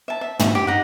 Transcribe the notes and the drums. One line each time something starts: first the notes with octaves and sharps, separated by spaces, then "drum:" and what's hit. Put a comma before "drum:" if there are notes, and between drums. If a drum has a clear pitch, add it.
E5 A5
E5
E5, drum: tom
G4
D#4 F#5